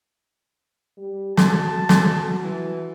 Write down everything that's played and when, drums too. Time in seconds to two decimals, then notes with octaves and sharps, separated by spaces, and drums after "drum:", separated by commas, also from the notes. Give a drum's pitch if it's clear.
0.98 G3
1.37 F#4 A5, drum: snare
1.89 drum: snare
2.45 E3